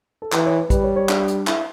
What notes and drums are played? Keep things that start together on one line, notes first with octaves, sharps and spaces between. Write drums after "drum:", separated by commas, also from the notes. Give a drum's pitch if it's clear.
A4
E3 B4, drum: clap
C#5
B4
G3 B4, drum: kick, hi-hat
C#5
C#5
D4, drum: clap
drum: hi-hat
E4, drum: clap